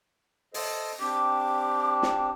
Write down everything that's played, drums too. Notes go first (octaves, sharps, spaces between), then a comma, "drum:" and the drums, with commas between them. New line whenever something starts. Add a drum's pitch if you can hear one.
A4 C5 D#5, drum: open hi-hat
C4 D4 G4 D6
drum: snare